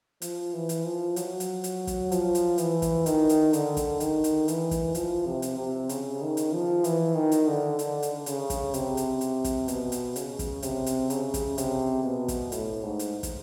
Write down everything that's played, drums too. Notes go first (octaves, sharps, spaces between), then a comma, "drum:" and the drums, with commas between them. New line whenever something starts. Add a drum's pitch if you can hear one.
F3, drum: hi-hat
E3
drum: hi-hat
F3
F#3, drum: hi-hat
drum: hi-hat
drum: hi-hat
drum: kick, hi-hat
F3, drum: hi-hat
drum: hi-hat
E3, drum: hi-hat
drum: kick, hi-hat
D#3, drum: hi-hat
drum: hi-hat
D3, drum: hi-hat
drum: kick, hi-hat
D#3, drum: hi-hat
drum: hi-hat
E3, drum: hi-hat
drum: kick, hi-hat
F3, drum: hi-hat
C3
drum: hi-hat
C3
C#3, drum: hi-hat
D#3
drum: hi-hat
F3
E3, drum: hi-hat
D#3
drum: hi-hat
D3
D3, drum: hi-hat
drum: hi-hat
C#3, drum: hi-hat
drum: kick, hi-hat
C3, drum: hi-hat
drum: hi-hat
drum: hi-hat
drum: kick, hi-hat
B2, drum: hi-hat
drum: hi-hat
C#3, drum: hi-hat
drum: kick, hi-hat
C3, drum: hi-hat
drum: hi-hat
C#3, drum: hi-hat
drum: kick, hi-hat
C3, drum: hi-hat
B2
drum: kick, hi-hat
A2, drum: hi-hat
G#2
drum: hi-hat
drum: kick, hi-hat